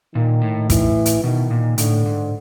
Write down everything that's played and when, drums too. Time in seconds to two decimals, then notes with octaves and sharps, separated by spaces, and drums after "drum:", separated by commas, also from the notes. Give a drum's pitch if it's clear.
0.15 A#2 D#3
0.42 A2
0.70 E3, drum: kick, hi-hat
1.06 drum: hi-hat
1.24 B2 D#3
1.51 A#2
1.78 A2 D3, drum: hi-hat
2.06 G#2